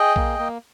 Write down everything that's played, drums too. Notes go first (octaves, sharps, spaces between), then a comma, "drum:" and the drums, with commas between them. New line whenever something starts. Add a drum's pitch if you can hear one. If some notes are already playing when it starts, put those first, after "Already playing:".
Already playing: G#4 D#5 G5
A#3, drum: kick A#1
A#3